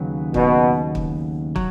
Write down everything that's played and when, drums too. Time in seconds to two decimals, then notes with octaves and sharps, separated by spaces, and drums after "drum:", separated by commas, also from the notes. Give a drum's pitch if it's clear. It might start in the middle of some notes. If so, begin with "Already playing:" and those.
Already playing: D#2 C#3 F#3 B3
0.34 B2, drum: kick
0.95 drum: kick
1.56 F#3, drum: kick